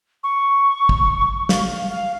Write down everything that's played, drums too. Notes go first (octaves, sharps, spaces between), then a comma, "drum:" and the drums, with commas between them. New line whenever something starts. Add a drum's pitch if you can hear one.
C#6
drum: kick
F5, drum: snare
F5